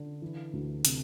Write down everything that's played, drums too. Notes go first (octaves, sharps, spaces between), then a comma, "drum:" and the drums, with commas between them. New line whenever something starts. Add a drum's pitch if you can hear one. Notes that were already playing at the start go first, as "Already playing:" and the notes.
Already playing: D3
E3
D2
C3, drum: hi-hat